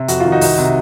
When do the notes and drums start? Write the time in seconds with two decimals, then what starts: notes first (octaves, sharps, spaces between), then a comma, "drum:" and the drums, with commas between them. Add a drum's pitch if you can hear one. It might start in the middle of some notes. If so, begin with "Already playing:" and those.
Already playing: C3
0.08 F2 F#4, drum: hi-hat
0.20 D#3 F4
0.32 D#4 F#4
0.41 C2, drum: open hi-hat
0.58 C3